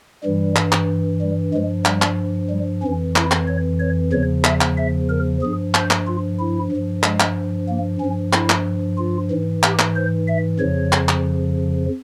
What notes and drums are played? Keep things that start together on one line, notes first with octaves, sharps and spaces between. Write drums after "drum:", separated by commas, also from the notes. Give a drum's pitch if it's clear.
G2 E3 G3
drum: clap
drum: clap
G3
G2 F3 G#3
G3, drum: clap
drum: clap
G3
F2 E3 C#4
E4, drum: clap
drum: clap
C#5
C#5
E2 C#3 F3 C#5
E5, drum: clap
drum: clap
E5
A#4
G2 F3 G#4
C5, drum: clap
drum: clap
F4
E4
G2 F3
G#3, drum: clap
drum: clap
A#3
G2 F3 C#4
E4, drum: clap
drum: clap
F4
G#2 E3
G4, drum: clap
drum: clap
C5
E5
F2 C#3 F3 C#5
drum: clap
drum: clap